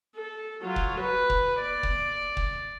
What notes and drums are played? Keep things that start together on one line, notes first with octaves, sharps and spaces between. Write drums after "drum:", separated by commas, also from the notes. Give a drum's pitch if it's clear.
A4
F#3 F4
drum: kick
B4
drum: kick
D5
drum: kick
drum: kick